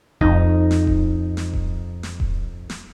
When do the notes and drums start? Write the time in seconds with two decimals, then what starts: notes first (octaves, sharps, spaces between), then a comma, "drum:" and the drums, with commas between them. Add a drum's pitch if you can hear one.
0.21 F2 D#4, drum: kick D#1
0.71 drum: snare
0.87 drum: kick D#1
1.37 drum: snare
1.54 drum: kick D#1
2.03 drum: snare
2.20 drum: kick D#1
2.70 drum: snare